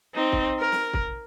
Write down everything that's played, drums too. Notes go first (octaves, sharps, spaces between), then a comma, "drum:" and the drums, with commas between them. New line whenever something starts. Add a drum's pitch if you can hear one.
C4 D#4
drum: kick
A#4
drum: snare
drum: kick